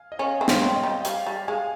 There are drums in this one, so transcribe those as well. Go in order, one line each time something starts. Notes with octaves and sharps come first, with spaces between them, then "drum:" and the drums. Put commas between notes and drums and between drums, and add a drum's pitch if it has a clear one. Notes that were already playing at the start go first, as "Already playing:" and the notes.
Already playing: F5 G#5
D#5
C#4 C#5 F5
C4 G5
C#5 F5, drum: snare
C4
D#5 G5
G3
G3 F5 G#5, drum: hi-hat
G3
G#3 F5 G#5